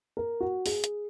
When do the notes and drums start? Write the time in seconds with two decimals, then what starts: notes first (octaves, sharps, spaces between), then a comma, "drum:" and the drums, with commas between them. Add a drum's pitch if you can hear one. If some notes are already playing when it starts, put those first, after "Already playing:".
0.17 A#4
0.40 F#4
0.66 G#4, drum: open hi-hat
0.84 drum: hi-hat